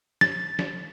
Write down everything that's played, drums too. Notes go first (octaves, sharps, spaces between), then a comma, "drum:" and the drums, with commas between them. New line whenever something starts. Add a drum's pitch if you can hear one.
A6, drum: snare
drum: snare